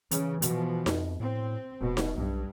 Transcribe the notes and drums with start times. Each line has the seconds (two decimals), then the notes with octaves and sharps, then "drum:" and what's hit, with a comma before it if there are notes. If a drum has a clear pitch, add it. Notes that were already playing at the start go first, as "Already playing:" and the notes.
0.11 C#3 E3, drum: hi-hat
0.42 B2 F3, drum: hi-hat
0.86 F2, drum: snare D#4
1.20 A2 C4
1.81 E1 B2
1.97 drum: snare D#4
2.17 B1 G2